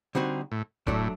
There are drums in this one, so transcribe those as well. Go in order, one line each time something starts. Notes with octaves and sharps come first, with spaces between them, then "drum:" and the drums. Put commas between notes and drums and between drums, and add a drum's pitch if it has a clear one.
D3 G3 C4 D#4 F#4
A2
A2 F#3 A3 D4, drum: kick D#1